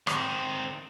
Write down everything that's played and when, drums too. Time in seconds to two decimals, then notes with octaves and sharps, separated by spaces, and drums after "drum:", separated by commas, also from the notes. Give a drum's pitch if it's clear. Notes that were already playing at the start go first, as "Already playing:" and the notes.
0.07 D#3 C4, drum: rim click